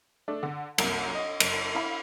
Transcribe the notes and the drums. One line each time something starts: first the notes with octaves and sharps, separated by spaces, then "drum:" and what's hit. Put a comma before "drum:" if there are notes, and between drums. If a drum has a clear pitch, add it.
A3 D4
D3
C2 F#2 A#3, drum: cymbal
D#5
F#1, drum: cymbal
E4 F5 B5